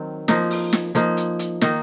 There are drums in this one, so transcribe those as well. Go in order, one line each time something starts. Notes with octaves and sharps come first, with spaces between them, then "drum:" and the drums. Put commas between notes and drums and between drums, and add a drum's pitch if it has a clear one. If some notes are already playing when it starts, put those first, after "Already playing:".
Already playing: D#3 F#3 C4
F3 A#3 D#4, drum: snare
drum: open hi-hat
drum: snare
F3 A#3 D#4, drum: hi-hat
drum: hi-hat
drum: hi-hat
D#3 A#3 D#4, drum: snare